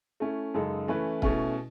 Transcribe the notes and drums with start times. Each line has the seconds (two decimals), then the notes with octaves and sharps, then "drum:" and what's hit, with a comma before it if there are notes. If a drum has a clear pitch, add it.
0.20 A3 C#4 E4
0.54 F#2 C#3 G#3 D#4 A4
0.88 E3 A3 C#4 E4 B4
1.22 B2 A3 C#4 E4, drum: kick